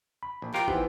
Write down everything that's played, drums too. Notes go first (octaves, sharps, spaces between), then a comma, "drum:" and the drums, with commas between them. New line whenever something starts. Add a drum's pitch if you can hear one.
B5
A#1
F4 G4 A#4 G5, drum: clap
E3 F3 B3 D#4 G4, drum: kick